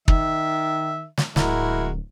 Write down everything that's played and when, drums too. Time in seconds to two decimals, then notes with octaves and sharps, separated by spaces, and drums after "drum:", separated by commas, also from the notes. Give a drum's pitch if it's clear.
0.08 D#3 E5, drum: kick
1.18 drum: snare
1.36 D1 G#3 E4 F#4 A#4, drum: snare